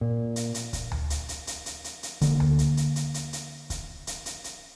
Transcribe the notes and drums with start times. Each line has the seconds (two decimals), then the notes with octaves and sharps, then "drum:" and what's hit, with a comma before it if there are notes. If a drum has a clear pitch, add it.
0.01 A#2
0.36 drum: hi-hat
0.54 drum: hi-hat
0.73 drum: kick, hi-hat
0.92 drum: tom D2
1.10 drum: hi-hat
1.29 drum: hi-hat
1.47 drum: hi-hat
1.66 drum: hi-hat
1.84 drum: hi-hat
2.03 drum: hi-hat
2.21 D3 A#3, drum: kick, hi-hat
2.40 drum: tom D2
2.59 drum: hi-hat
2.77 drum: hi-hat
2.96 drum: hi-hat
3.14 drum: hi-hat
3.33 drum: hi-hat
3.70 drum: kick, hi-hat
4.07 drum: hi-hat
4.26 drum: hi-hat
4.44 drum: hi-hat